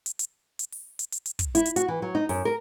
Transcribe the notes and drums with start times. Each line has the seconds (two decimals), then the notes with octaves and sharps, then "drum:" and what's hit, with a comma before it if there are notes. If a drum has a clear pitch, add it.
0.06 drum: hi-hat
0.19 drum: hi-hat
0.59 drum: hi-hat
0.72 drum: open hi-hat
0.99 drum: hi-hat
1.12 drum: hi-hat
1.26 drum: hi-hat
1.39 drum: kick, hi-hat
1.55 E4, drum: hi-hat
1.66 drum: hi-hat
1.76 F#4, drum: hi-hat
1.88 E3
2.02 F#3
2.15 D#4
2.29 F#2, drum: open hi-hat
2.45 A#4